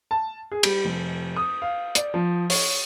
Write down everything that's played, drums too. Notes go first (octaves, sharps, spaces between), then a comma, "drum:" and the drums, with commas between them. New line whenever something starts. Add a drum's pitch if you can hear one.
A5
G#4
G3, drum: cymbal
F1
D#6
F5
D5, drum: hi-hat
F3
C#5, drum: open hi-hat